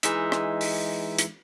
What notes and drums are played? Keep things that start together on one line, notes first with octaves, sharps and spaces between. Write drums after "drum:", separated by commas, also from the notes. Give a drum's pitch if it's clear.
E3 G#3 D#4 E5 E6, drum: hi-hat
drum: rim click
drum: open hi-hat
drum: hi-hat